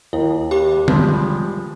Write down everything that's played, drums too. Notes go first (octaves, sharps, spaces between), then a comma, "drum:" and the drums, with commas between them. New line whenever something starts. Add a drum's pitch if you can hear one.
D#2 E4
G4 B5 D6
F3 G3 G#3, drum: tom